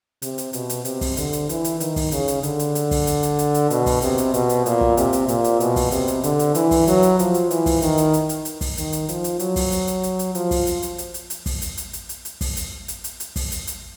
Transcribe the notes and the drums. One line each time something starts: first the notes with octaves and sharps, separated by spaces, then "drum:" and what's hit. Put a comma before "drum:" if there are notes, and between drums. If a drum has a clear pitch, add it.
C3, drum: hi-hat
drum: hi-hat
B2, drum: hi-hat
drum: hi-hat
C3, drum: hi-hat
drum: kick, open hi-hat
D3, drum: hi-hat
drum: hi-hat
E3, drum: hi-hat
drum: hi-hat
D#3, drum: hi-hat
drum: kick, open hi-hat
C#3, drum: hi-hat
drum: hi-hat
D3, drum: hi-hat
drum: hi-hat
drum: hi-hat
drum: kick, open hi-hat
drum: hi-hat
drum: hi-hat
drum: hi-hat
drum: hi-hat
B2, drum: hi-hat
drum: kick, open hi-hat
C3, drum: hi-hat
drum: hi-hat
B2, drum: hi-hat
drum: hi-hat
A#2, drum: hi-hat
drum: kick
C3, drum: hi-hat
drum: hi-hat
A#2, drum: hi-hat
drum: hi-hat
B2, drum: hi-hat
drum: kick, open hi-hat
C3, drum: hi-hat
drum: hi-hat
D3, drum: hi-hat
drum: hi-hat
E3, drum: hi-hat
drum: kick, open hi-hat
F#3, drum: hi-hat
drum: hi-hat
F3, drum: hi-hat
drum: hi-hat
E3, drum: hi-hat
drum: kick, open hi-hat
D#3, drum: hi-hat
drum: hi-hat
drum: hi-hat
drum: hi-hat
drum: hi-hat
drum: kick, open hi-hat
D#3, drum: hi-hat
drum: hi-hat
F3, drum: hi-hat
drum: hi-hat
F#3, drum: hi-hat
drum: kick, open hi-hat
drum: hi-hat
drum: hi-hat
drum: hi-hat
drum: hi-hat
F3, drum: hi-hat
drum: kick, open hi-hat
drum: hi-hat
drum: hi-hat
drum: hi-hat
drum: hi-hat
drum: hi-hat
drum: kick, open hi-hat
drum: hi-hat
drum: hi-hat
drum: hi-hat
drum: hi-hat
drum: hi-hat
drum: kick, open hi-hat
drum: hi-hat
drum: hi-hat
drum: hi-hat
drum: hi-hat
drum: kick, open hi-hat
drum: hi-hat
drum: hi-hat